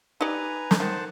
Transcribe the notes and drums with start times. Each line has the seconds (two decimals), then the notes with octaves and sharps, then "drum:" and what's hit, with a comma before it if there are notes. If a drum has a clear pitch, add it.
0.21 D#4 G4 B4 D5 G#5 A#5
0.71 drum: snare
0.80 D#3 C5 F#5 A5